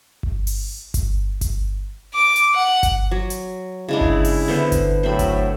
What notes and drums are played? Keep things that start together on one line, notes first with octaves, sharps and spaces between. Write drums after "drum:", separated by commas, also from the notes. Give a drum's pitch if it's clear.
drum: kick G1
drum: open hi-hat
drum: kick G1, hi-hat
drum: kick G1, hi-hat
D6
drum: hi-hat
F#5
drum: kick G1, hi-hat
F#3
drum: hi-hat
C#3 G#3 D4 E4
drum: kick G1
drum: open hi-hat
D3 B3 C5
drum: kick G1, hi-hat
A2 F#3 C5 E5 B5
drum: kick G1, hi-hat